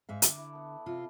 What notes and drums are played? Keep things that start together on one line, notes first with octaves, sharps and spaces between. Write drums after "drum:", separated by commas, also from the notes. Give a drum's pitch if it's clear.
G#2 E5 F5
D3 D5, drum: hi-hat
E4
B3 A4
C3 F4